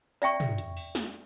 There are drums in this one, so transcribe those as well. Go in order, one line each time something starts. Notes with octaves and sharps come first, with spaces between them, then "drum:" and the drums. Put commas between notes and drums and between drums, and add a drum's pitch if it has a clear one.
D5 E5 G5 C#6, drum: hi-hat
drum: tom
drum: hi-hat
drum: open hi-hat
drum: snare